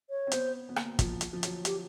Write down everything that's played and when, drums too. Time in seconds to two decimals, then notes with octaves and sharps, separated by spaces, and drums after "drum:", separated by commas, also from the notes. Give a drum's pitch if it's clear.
0.10 C#5
0.27 C4
0.32 B3 C5, drum: hi-hat
0.69 B3
0.76 A#3, drum: rim click
0.99 F3, drum: kick, hi-hat
1.21 drum: hi-hat
1.33 F3
1.43 F#3, drum: hi-hat
1.65 G4, drum: hi-hat